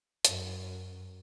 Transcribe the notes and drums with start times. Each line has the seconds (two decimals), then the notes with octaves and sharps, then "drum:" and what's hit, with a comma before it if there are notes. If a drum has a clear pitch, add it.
0.25 F#2, drum: hi-hat